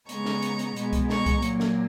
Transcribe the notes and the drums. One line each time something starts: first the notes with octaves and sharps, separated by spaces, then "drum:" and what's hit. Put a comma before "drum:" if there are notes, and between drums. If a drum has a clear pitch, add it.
C#3 G#3 B3 A#5 C#6, drum: hi-hat
drum: snare
drum: hi-hat
drum: hi-hat
B2 G#3 B3, drum: hi-hat
drum: kick C2, hi-hat
A#5 C#6, drum: snare
drum: kick C2, hi-hat
A#2 F#3 A#3, drum: hi-hat
drum: snare